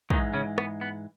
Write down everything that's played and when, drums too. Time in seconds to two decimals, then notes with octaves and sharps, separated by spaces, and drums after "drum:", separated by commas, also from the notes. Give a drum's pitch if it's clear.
0.10 G#2 D#3 E3 G#3 D#4, drum: kick
0.33 C#3 C#4
0.58 B3, drum: rim click
0.81 B3